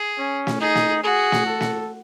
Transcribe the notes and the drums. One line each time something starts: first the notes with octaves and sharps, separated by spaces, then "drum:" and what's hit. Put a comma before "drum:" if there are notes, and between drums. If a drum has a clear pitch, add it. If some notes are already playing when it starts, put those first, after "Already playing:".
Already playing: G#4
C#4
drum: snare
D#4 G#4
drum: snare
F#4 G#4
drum: snare
A4
drum: snare